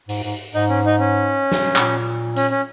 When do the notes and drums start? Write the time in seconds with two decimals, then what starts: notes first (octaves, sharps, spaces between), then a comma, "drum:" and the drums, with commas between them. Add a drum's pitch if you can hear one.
0.09 G#2, drum: open hi-hat
0.24 G#2
0.55 G#2 D#4
0.69 C#4
0.85 D#4
0.99 C#4
1.52 drum: snare
1.76 A#2, drum: clap
2.36 C#4, drum: hi-hat
2.51 C#4